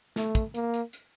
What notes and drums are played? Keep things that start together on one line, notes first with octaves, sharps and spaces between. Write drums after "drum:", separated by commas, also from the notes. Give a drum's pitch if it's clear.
A3, drum: snare
drum: kick, hi-hat
A#3, drum: hi-hat
drum: hi-hat
drum: hi-hat